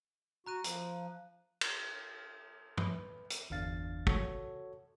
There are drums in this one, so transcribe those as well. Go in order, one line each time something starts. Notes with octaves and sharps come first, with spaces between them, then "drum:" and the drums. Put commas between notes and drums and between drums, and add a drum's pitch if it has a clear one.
F#4 A#5 F#6 D#7
F3, drum: hi-hat
drum: cymbal
B4, drum: tom
drum: hi-hat
G1 E2 D4 F5 A6
F#4 A4 C#5, drum: kick